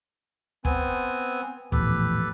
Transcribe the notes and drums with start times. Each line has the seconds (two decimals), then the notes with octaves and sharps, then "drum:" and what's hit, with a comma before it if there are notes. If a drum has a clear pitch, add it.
0.65 B3 C4 G#5, drum: kick
1.72 A#1 E2 A2 G4 A4 B4, drum: kick